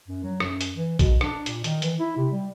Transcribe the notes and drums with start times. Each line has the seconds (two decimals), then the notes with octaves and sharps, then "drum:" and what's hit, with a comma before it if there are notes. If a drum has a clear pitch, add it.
0.08 F#2
0.23 F#3
0.40 F#2, drum: rim click
0.61 drum: hi-hat
0.75 E3
0.99 B2, drum: kick A#1, hi-hat
1.21 D4, drum: rim click
1.46 A#2, drum: hi-hat
1.64 D#3, drum: hi-hat
1.82 E3, drum: hi-hat
1.99 E4
2.17 C3
2.31 G3